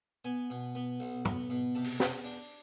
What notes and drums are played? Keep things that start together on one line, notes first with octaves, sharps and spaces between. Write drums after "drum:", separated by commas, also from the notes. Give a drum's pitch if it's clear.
B3 G#5
B2
B3
B1
B3, drum: tom
B2
C3 A5
drum: open hi-hat
E2, drum: snare
D4